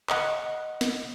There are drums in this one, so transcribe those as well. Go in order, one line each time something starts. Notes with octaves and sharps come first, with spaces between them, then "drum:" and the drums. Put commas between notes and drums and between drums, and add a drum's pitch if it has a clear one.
D#5 F#5, drum: clap
drum: snare